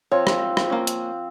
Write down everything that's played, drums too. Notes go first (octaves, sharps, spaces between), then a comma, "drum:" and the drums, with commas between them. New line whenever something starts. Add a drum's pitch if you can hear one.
F3 C4 C#5
drum: rim click
drum: rim click
A#3 C#4
drum: hi-hat